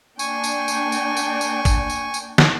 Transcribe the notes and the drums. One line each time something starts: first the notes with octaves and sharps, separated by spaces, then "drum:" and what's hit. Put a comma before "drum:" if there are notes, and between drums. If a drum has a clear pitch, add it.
A#3 D4 G5 G#5 C#6, drum: tambourine
drum: tambourine
drum: tambourine
drum: tambourine
drum: tambourine
drum: tambourine
drum: kick, tambourine
drum: tambourine
drum: tambourine
drum: snare